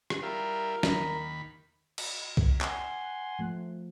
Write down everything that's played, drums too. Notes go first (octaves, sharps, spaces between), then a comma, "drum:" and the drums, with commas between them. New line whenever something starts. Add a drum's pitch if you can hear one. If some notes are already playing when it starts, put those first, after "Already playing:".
drum: rim click
G3 E4 F4 A#4
D#2 B5, drum: snare
drum: cymbal
drum: kick C2
F#5 G#5 C6, drum: clap
F3 A3